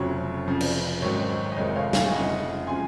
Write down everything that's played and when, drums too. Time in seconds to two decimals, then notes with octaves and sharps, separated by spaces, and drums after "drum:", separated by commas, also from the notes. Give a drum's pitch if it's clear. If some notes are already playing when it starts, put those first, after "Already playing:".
Already playing: F1 F2 C#3 F#3 C#5
0.47 F1 F2 C#3 F3
0.60 drum: cymbal
1.02 G#1 G#2 D#3 F#3 C#5
1.52 D#5
1.57 F1 F2 D#3 G#3 C#5
1.76 C#5 F5
1.93 F5 G#5, drum: snare
2.12 F1 F2 C#3 D#5 F#5
2.67 C#3 F3 G#3 G#5 C6